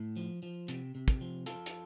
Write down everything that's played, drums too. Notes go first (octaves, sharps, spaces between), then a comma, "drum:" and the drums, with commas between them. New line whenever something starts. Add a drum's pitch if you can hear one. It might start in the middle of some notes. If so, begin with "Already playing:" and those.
Already playing: A2
F3
F3
C3, drum: hi-hat
C3
drum: kick, hi-hat
F3
F3 F4 A4, drum: hi-hat
drum: hi-hat